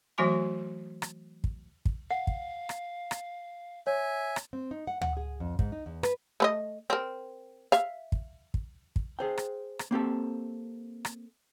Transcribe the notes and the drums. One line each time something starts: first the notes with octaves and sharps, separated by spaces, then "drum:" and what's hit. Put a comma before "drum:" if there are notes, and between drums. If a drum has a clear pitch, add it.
E3 F#3 A3 F#4 G#5 C6
drum: rim click
drum: kick
drum: kick
F5 F#5
drum: kick
drum: rim click
drum: rim click
C#5 E5 G#5
drum: rim click
C4
D#4
F#5
F#5, drum: tom D2
G#4
F2
G#2, drum: kick
D#4
E2
B4, drum: rim click
A3 B4 D#5
C4 A#4
E5 F5, drum: rim click
drum: kick
drum: kick
drum: kick
G#4 C5 G5
drum: rim click
drum: rim click
A#3 C4 G4 A4
drum: rim click